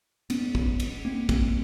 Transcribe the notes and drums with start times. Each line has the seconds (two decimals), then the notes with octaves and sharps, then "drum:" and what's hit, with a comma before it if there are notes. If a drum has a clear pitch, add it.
0.30 B3 C#4, drum: cymbal
0.55 drum: kick
0.80 drum: cymbal
1.05 A#3 C4
1.29 A#3 C4, drum: kick, cymbal